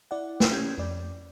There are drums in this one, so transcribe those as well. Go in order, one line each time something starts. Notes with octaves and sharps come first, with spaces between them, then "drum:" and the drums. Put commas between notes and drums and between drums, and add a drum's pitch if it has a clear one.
E4 D5 F#5
drum: snare
A3 C#4 G4 G6 G#6
F2 D5